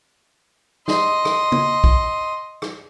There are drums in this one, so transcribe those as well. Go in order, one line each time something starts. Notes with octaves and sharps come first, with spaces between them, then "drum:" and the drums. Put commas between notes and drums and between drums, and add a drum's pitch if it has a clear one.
D#5 C6, drum: snare
drum: rim click
drum: tom
drum: kick
drum: rim click